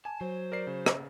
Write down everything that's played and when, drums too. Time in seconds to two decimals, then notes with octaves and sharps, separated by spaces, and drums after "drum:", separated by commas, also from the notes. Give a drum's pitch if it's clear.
0.05 G#5 A5
0.21 F#3 C5
0.52 A#4 D5 C7
0.67 C#3
0.86 drum: rim click